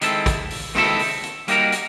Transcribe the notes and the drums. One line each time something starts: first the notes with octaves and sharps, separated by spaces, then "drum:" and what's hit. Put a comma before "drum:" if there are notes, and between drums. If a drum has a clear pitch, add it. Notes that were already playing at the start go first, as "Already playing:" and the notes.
D#3 G#3 C4 E4 A4, drum: hi-hat
drum: kick, hi-hat
drum: open hi-hat
D#3 G#3 C4 E4 A4, drum: snare
drum: open hi-hat
drum: hi-hat
G3 A#3 D#4 F#4 A#4, drum: hi-hat
drum: hi-hat